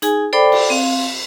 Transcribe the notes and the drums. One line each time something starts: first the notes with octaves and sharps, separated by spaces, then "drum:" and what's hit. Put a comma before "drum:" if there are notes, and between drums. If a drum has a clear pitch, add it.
D#4 G#4 G#5, drum: hi-hat
A4 C5 D5 G5 B5 D6
drum: cymbal
C4 F5